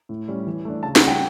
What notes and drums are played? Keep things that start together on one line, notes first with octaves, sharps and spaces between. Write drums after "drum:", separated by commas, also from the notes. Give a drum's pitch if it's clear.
A2
G3 C#4
E3
A3 D4
C#3 A5
F#5, drum: snare
G3 C#4
G5